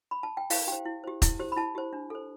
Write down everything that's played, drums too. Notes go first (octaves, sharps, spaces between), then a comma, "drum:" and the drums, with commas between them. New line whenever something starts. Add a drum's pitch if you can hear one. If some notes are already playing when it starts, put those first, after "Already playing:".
B5
A5
G5
E4 F5, drum: open hi-hat
G4 C5 G5
E4
G4 C5
E4, drum: kick, hi-hat
G4 C5
B5
E4 A5
G4 C5
D4
A4 C5